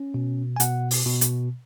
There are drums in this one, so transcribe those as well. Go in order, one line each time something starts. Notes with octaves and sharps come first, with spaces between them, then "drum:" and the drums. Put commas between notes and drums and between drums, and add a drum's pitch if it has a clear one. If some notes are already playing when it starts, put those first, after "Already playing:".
Already playing: C#4
B2
G#5
B2 F#5, drum: hi-hat
drum: open hi-hat
B2
drum: hi-hat